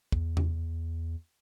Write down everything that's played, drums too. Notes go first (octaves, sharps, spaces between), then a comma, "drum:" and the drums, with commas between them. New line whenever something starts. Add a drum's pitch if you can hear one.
E2, drum: kick
drum: tom E2